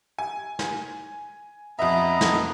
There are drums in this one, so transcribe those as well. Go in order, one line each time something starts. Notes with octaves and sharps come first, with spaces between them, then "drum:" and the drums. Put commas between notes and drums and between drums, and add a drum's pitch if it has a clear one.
G#5
drum: snare
F2 B3 D#5 E5 A#5
drum: snare